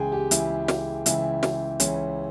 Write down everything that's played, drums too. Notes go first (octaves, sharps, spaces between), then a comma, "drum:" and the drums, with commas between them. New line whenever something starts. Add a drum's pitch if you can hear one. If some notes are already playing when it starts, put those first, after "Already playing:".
Already playing: C#2 C#3 E3 G#4 G5 G#5
G4
C#2 C#3 E3 E4, drum: hi-hat
drum: snare
C#2 C#3 E3 E4, drum: hi-hat
drum: snare
C#2 C#3 E3 C#4, drum: hi-hat